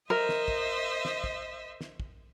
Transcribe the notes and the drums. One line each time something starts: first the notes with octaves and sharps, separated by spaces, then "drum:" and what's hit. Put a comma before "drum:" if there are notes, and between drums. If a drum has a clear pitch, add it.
A#4 C5 D#5 E5
drum: snare
drum: kick
drum: snare
drum: kick
drum: snare
drum: kick